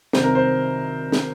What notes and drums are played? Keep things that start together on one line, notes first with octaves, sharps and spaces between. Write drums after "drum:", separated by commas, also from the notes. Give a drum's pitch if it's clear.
C2 C3 D#3 F#3 C5, drum: snare
A#4
C5
drum: snare